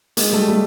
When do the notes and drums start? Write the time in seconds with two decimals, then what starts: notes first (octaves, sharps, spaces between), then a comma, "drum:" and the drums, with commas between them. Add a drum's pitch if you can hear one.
0.17 G#3 A#3, drum: hi-hat
0.33 G3 A3
0.48 G3 A3